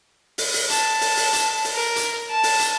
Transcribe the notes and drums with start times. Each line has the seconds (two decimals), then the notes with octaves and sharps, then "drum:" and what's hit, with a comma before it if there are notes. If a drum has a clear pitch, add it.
0.38 drum: open hi-hat
0.54 drum: open hi-hat
0.70 A5, drum: hi-hat
1.01 drum: open hi-hat
1.17 drum: open hi-hat
1.33 drum: hi-hat
1.64 drum: open hi-hat
1.74 A#4
1.96 drum: hi-hat
2.31 A5
2.43 drum: open hi-hat
2.59 drum: hi-hat